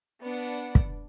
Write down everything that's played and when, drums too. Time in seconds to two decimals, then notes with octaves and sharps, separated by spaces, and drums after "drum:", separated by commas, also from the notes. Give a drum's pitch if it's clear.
0.23 B3 D4 D5 F#5
0.75 drum: kick